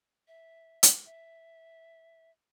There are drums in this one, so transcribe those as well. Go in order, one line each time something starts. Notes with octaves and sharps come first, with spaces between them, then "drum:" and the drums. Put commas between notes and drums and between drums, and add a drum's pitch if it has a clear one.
E5
drum: hi-hat
E5